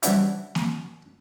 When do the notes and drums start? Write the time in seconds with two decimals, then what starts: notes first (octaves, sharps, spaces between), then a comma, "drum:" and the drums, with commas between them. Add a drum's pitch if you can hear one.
0.03 E3 G3 B3 C#4 D4 E4, drum: hi-hat
0.55 drum: snare A#3